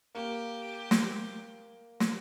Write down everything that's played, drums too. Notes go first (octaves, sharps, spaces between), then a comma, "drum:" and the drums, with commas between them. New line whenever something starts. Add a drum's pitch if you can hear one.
A#3 G4
drum: snare
drum: snare